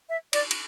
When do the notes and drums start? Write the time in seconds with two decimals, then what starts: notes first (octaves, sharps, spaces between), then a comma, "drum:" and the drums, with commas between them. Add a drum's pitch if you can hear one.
0.09 E5
0.33 D5, drum: cymbal
0.51 drum: cymbal